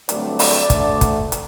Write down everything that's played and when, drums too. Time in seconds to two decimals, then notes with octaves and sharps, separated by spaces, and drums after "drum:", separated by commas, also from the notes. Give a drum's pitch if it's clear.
0.09 G2 D3 F#3 A3 C4 D5, drum: hi-hat
0.39 D5, drum: open hi-hat
0.70 D2 D3 A3, drum: kick, hi-hat
1.01 drum: kick, hi-hat
1.32 drum: hi-hat